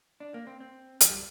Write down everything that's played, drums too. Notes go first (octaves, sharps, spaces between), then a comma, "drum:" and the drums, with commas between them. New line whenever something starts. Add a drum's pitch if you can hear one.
D4
A#3
C4
C4
F3, drum: hi-hat
G3